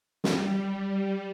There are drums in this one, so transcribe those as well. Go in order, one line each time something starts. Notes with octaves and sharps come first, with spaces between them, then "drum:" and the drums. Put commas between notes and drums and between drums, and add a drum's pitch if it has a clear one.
G3, drum: snare